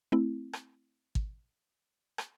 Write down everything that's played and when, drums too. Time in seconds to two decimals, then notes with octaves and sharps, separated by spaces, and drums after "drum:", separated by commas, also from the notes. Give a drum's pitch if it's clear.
0.12 A3 C4 E4
0.53 drum: rim click
1.15 drum: kick
2.18 drum: rim click